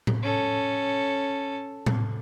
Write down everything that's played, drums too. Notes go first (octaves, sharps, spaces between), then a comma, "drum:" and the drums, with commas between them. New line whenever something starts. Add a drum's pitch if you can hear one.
drum: tom A2
C#4 A4
drum: tom A2